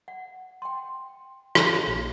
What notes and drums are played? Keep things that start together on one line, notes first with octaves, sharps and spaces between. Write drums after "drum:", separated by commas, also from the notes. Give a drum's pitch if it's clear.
F#5
G5 C6
drum: rim click
A#1